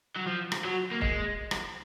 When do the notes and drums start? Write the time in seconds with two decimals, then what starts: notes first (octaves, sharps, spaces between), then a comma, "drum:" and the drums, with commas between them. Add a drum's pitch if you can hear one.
0.16 F#3
0.27 F3
0.52 drum: rim click
0.65 F#3
0.91 A#3
1.01 G#3, drum: kick
1.51 drum: rim click